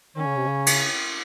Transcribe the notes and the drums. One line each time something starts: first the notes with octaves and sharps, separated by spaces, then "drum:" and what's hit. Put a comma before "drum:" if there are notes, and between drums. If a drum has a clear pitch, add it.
D#3 C#4
C#3
C3
C#3
drum: cymbal